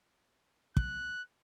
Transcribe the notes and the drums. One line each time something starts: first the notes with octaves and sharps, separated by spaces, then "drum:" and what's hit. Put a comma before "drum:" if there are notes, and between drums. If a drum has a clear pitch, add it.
F#6, drum: kick